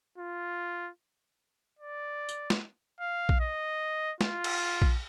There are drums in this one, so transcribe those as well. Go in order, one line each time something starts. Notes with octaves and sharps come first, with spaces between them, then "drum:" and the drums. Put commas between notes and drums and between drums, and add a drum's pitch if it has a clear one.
F4
D5
drum: tambourine
drum: snare
F5
drum: kick A#1
D#5
F4, drum: snare
drum: cymbal
drum: kick A#1